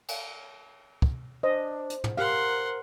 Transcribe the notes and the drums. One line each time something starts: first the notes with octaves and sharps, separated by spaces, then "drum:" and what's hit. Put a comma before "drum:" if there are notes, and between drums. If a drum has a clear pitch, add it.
drum: cymbal
drum: kick
D4 C5 D#5
drum: hi-hat
drum: tom
G4 A#4 F5 F#5 C6